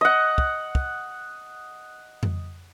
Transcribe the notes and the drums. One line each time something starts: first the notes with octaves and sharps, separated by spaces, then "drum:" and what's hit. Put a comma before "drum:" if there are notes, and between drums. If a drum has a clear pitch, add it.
D#5 F#5
drum: kick
drum: kick
drum: tom F2